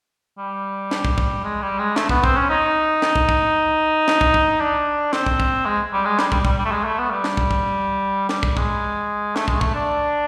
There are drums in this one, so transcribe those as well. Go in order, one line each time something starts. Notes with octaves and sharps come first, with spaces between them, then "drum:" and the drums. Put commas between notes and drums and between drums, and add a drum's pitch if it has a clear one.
G3
drum: snare
drum: kick
drum: kick
G#3
G3
G#3
A3, drum: snare
B3, drum: kick
C4, drum: kick
C#4
D#4
drum: snare
drum: kick
drum: kick
drum: snare
drum: kick
drum: kick
D4
C4, drum: snare
drum: kick
drum: kick
G#3
G3
G#3
G3, drum: snare
G3, drum: kick
G3, drum: kick
G3
A3
G#3
A3
B3
G3
drum: snare
drum: kick
drum: kick
G3, drum: snare
drum: kick
G#3, drum: kick
A3, drum: snare
G#3, drum: kick
A3, drum: kick
D4